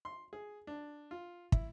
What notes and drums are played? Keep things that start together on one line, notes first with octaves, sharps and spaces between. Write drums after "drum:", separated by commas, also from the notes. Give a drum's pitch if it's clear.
C6
G#4
D4
F4
E4, drum: kick